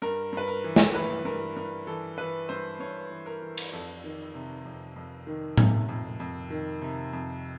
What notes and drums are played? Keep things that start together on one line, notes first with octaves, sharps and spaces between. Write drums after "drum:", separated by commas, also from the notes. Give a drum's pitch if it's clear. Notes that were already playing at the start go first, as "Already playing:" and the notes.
G2 A#4
G2 B4
A#4
E3
drum: snare
E3 B4
G2 A#4
G2 A#4
E3 A4
E3 B4
G2 C5
G2 C#5
E3
A#4
E3
drum: cymbal
F2 A4
D#3
C3
F2
F2
D#3
C3, drum: tom A2
F2
F2
D#3
C3
F2